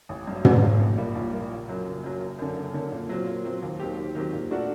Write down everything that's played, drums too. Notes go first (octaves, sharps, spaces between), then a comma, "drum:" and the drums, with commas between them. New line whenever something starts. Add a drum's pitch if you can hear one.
A1
G2 F#3
A1, drum: tom
G2 F#3
A#1
A#2 G3 A#3
A#1
A#2 G3 A#3
F#1
F#2 F#3
F#1
F#2 F#3
F#1
F#2 D3
F#1
F#2 D3
A#2
F#3 C4
A#2
F#3 C4
D#2
D#3 F#3 C4 G4
D#2
D#3 F#3 C4 G4
A#2
A3 D4 F#4 A#4